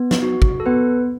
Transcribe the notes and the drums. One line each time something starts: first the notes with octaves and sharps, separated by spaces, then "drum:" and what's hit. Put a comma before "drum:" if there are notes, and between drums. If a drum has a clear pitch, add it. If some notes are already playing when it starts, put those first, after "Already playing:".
Already playing: B3
drum: snare
F#4
drum: kick
A4
B3 B4